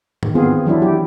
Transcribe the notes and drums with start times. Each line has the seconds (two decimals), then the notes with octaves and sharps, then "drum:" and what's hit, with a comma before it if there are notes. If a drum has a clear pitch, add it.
0.23 D#3, drum: tom G#2
0.35 B3 C4 F4 G#4
0.66 E3 F#3 D4 E4
0.82 G4